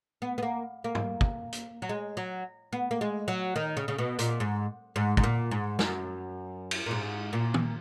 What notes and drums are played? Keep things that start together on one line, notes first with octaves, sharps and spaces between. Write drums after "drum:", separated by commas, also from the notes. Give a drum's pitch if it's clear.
B3
B3
A#3
A#3
drum: tom
drum: kick
drum: hi-hat
F#3
G#3
F#3
B3
A#3
G#3
F#3
D#3
C#3
C#3
B2
A#2, drum: hi-hat
G#2
G#2
G#2, drum: kick
A#2
G#2
F#2, drum: snare
drum: cymbal
A#2
G#2
A#2
drum: tom